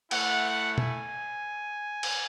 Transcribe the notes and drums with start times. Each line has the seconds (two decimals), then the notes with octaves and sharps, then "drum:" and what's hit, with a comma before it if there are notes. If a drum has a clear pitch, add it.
0.11 A3 E4 F#5, drum: cymbal
0.78 G#5, drum: tom B2
2.03 drum: cymbal